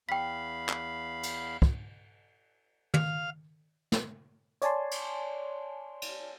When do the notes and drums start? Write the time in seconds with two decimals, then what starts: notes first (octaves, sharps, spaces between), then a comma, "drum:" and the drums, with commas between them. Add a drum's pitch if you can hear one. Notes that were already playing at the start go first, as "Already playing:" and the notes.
0.09 E2 F5 G5 B5 B6
0.69 drum: clap
1.23 drum: cymbal
1.62 drum: kick
2.94 F5, drum: tom
3.92 drum: snare
4.62 C#5 D5 G#5 A5 C6, drum: hi-hat
4.91 drum: cymbal
6.02 drum: cymbal